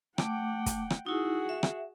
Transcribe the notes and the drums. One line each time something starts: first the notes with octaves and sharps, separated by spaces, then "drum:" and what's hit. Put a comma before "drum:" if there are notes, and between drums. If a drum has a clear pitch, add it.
A3 F#5 G5 D6, drum: rim click
drum: kick, hi-hat
drum: rim click
D#4 E4 F#4 G#4
E5
drum: rim click